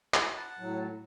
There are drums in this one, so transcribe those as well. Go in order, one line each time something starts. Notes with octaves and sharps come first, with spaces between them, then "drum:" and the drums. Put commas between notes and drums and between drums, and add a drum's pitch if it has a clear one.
E4 F#4, drum: clap
F#5 A5
A2 F#3